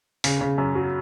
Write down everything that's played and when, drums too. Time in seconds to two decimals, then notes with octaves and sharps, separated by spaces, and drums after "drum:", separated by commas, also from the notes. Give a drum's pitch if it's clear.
0.24 C#3, drum: open hi-hat
0.41 C#3
0.58 F#2
0.75 F#3